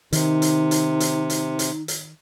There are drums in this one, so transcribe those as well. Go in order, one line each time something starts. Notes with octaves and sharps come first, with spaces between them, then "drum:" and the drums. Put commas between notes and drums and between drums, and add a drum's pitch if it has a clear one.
C3 D#3 D#4, drum: hi-hat
drum: hi-hat
drum: hi-hat
drum: hi-hat
drum: hi-hat
drum: hi-hat
drum: hi-hat